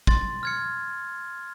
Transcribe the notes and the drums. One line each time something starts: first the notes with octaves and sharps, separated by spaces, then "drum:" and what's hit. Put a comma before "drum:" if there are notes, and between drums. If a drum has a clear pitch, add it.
C6 A6, drum: kick
F6 G#6 C#7